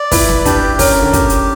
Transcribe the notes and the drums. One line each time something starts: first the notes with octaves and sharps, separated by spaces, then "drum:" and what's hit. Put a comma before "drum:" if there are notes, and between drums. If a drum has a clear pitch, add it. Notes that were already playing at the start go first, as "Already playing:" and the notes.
Already playing: D5
E4 B4, drum: kick, open hi-hat
drum: snare
D4 G4, drum: kick, hi-hat
C#4 A#4, drum: kick, open hi-hat
D3
G4, drum: kick, hi-hat
drum: hi-hat